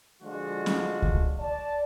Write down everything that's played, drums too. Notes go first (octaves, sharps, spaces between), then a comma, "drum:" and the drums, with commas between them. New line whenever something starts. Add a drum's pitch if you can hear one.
D3 F3 G#3 D4 F4 F#4
drum: snare C#4
drum: kick C#2
D5 A5